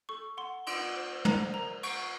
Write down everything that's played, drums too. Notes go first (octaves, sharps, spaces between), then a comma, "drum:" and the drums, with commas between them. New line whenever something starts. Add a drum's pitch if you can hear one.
A4 C#6
F#5 C6
F#5 C6, drum: cymbal
C5
C5 A#5, drum: tom
A#4 A#5
F#5 C#6, drum: cymbal